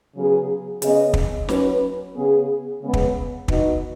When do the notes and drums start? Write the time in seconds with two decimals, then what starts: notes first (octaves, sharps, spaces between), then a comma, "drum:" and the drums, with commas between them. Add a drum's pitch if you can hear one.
0.16 C#3 F#3 B3 G#4
0.82 C#3 B3 G#4 D#5, drum: hi-hat
1.14 drum: kick
1.49 F#3 C#4 B4, drum: snare
2.15 C#3 B3 G#4
2.82 C#3 G#3 B3
2.93 drum: kick
3.48 B3 D#4 F#4 D#5, drum: kick